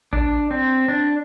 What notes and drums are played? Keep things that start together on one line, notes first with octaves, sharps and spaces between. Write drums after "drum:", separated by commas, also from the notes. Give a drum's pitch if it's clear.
D4, drum: kick A1
C4
D4